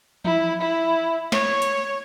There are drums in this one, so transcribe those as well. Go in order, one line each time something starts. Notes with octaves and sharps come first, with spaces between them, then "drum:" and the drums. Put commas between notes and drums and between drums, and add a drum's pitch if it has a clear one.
E4, drum: tom E3
E4
C#5, drum: snare
drum: hi-hat